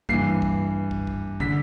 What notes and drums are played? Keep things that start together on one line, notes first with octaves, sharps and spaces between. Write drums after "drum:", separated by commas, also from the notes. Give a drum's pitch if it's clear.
G2 E3 C7, drum: kick
drum: kick
drum: kick
drum: kick
D3 B6, drum: kick